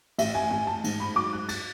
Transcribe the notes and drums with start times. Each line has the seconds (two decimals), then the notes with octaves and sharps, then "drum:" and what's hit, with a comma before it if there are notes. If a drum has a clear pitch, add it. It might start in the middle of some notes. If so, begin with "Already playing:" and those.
0.18 A1 E5, drum: cymbal
0.34 G#5
0.51 A1 G#5
0.67 A5
0.84 G#2, drum: cymbal
1.00 B5
1.16 F#3 D6
1.33 F#6
1.49 A6, drum: cymbal